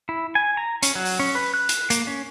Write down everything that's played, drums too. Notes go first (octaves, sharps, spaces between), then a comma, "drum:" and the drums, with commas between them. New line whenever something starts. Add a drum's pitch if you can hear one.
E4
G#5
A#5
C#4, drum: hi-hat
F#3
drum: open hi-hat
C#4
B4
F#6
drum: hi-hat
A#3, drum: hi-hat
C#4